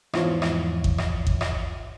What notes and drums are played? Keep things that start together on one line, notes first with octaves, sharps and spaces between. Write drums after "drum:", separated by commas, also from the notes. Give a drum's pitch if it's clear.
E2 G#2 E3 F3 F4 C#5, drum: rim click
drum: rim click
drum: kick G#1
drum: rim click
drum: kick G#1
drum: rim click